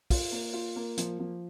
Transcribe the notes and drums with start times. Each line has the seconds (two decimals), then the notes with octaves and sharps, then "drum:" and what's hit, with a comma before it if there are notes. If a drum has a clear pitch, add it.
0.10 F4, drum: kick, open hi-hat
0.32 A#3
0.53 F4
0.76 A#3
0.97 F3, drum: hi-hat
1.19 F3